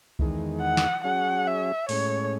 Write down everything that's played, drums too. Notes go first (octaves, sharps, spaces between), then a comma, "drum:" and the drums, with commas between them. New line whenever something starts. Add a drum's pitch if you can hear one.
E2 D#3 G#3, drum: kick C2
F#5
drum: snare
F#3 C#4 G#4 F#5
E5
A2 G#3 C#4 C#5, drum: open hi-hat